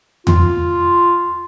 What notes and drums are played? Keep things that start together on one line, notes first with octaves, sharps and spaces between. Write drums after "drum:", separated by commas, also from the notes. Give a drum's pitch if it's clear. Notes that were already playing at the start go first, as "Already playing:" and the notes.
F4, drum: tom E2